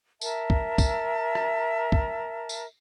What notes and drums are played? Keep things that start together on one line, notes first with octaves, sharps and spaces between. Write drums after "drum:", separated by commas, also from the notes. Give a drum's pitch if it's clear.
A#4 E5 A5, drum: tambourine
drum: kick
drum: kick, tambourine
drum: rim click
drum: kick
drum: tambourine